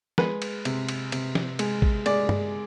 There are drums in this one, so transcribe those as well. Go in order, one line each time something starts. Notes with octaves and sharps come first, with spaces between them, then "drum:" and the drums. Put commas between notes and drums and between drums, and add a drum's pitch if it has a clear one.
G#3 B4, drum: snare
drum: cymbal
C3, drum: cymbal
drum: cymbal
C3, drum: cymbal
drum: snare
G#3, drum: cymbal
drum: kick
G#3 D5, drum: cymbal
drum: tom